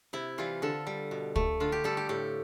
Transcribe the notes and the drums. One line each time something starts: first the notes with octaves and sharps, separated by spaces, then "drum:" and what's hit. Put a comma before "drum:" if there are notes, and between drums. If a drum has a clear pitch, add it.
C3 E4
E3 G3 F4
D3 A4
G3
B2
A3, drum: kick
D3 F4
G4
G3 A4
G4
A2 G4